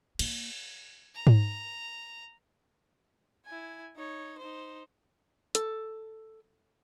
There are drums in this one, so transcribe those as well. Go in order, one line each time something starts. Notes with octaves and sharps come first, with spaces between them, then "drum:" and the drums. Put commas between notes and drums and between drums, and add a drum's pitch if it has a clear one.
A#3, drum: cymbal
A#5
drum: tom G#2
E4 G#5
D#4 C#5
D#4 C5
A4, drum: hi-hat